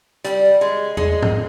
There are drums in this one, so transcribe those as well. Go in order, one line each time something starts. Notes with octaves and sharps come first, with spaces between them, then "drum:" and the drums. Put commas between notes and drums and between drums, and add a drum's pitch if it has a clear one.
G3, drum: hi-hat
G#3
G#3, drum: tom E2
drum: tom G#2